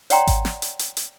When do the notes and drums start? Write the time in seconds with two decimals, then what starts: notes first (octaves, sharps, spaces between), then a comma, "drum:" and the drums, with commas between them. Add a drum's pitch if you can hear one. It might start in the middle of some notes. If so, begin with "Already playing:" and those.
0.10 C#5 D5 F#5 G5 A#5 C6, drum: hi-hat
0.27 drum: kick G#1, hi-hat
0.45 drum: snare
0.62 drum: hi-hat
0.79 drum: hi-hat
0.97 drum: hi-hat